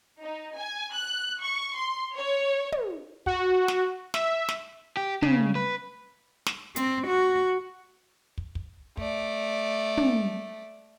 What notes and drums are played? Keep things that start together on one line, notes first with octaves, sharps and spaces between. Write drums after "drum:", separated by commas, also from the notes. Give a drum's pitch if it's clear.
D#4
G#5
F#6
C#6
C6
C#5
drum: tom
F#4, drum: kick
drum: snare
E5, drum: snare
drum: snare
G4
C#3, drum: tom
B4
drum: snare
C4, drum: hi-hat
F#4
drum: kick
drum: kick
A3 D5, drum: kick
drum: tom